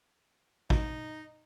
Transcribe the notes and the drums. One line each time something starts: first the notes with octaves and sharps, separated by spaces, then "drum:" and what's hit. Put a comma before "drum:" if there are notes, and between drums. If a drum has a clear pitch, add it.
D#4, drum: kick